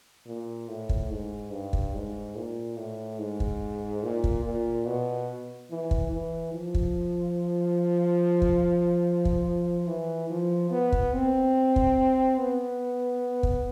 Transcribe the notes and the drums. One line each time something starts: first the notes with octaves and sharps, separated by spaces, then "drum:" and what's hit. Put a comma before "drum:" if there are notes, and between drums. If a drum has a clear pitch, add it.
A#2
A2
drum: kick
G#2
G2
drum: kick
G#2
A#2
A2
G#2
drum: kick
A#2
drum: kick
A#2
B2
E3
drum: kick
E3
F3
drum: kick
drum: kick
drum: kick
E3
F3
B3
drum: kick
C4
drum: kick
B3
drum: kick